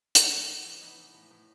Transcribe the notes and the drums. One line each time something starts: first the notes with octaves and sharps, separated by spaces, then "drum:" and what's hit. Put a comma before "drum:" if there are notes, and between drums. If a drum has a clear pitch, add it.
E3 A3 C#4, drum: hi-hat
A2
A2
E3
E3 B3 D#4
E3
A2
A2